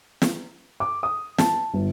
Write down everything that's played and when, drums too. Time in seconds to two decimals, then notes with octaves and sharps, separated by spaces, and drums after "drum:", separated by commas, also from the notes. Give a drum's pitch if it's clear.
0.22 drum: snare
0.80 D6
1.03 D#6
1.38 A5, drum: snare
1.74 G1